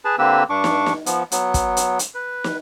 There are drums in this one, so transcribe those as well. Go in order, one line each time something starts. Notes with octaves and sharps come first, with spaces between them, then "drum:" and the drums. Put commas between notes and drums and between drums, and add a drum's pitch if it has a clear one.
G#4 B4 A5
D3 A#3 C4 G4 B4 E6
G2 D4 C#6 D6
drum: snare
drum: snare
F3 B3, drum: hi-hat
F#3 B3, drum: hi-hat
drum: kick, hi-hat
drum: hi-hat
drum: hi-hat
B4
drum: snare